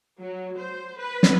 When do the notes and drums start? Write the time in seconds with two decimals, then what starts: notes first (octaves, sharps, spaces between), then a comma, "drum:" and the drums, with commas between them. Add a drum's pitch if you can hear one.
0.20 F#3
0.57 C5
0.98 B4
1.23 drum: snare